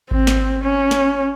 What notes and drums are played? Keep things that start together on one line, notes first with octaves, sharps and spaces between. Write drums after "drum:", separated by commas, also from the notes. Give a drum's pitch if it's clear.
C4, drum: kick G#1
drum: snare
C#4
drum: snare